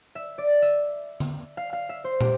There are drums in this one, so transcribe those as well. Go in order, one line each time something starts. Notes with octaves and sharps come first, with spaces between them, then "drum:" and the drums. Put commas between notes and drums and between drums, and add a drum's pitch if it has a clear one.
E5
D5
E5
drum: tom D3
F5
F5
E5
C5
G4, drum: tom